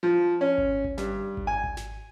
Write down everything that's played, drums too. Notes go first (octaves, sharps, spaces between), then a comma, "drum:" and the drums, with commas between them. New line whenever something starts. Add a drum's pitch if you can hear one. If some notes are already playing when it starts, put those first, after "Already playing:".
F3
C#4
drum: kick G#1
drum: kick G#1
G2, drum: snare
drum: kick G#1
G#5
drum: kick G#1
drum: snare